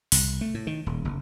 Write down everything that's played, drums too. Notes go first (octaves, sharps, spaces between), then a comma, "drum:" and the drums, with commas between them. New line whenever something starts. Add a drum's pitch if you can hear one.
C2, drum: open hi-hat
A3
A2
D#3
D#1
F#1